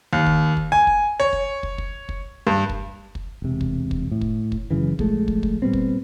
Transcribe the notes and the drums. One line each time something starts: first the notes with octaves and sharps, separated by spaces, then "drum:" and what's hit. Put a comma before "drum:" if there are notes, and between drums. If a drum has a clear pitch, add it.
D#2
drum: kick
drum: kick
G#5
drum: kick
C#5
drum: kick
drum: kick
drum: kick
drum: kick
G2
drum: kick
drum: kick
E1 C3
drum: kick
drum: kick
A2
drum: kick
drum: kick
F#1 F#2 C#3 E3
A#1 G#3 A3, drum: kick
drum: kick
drum: kick
A#2 G3 B3 C4
drum: kick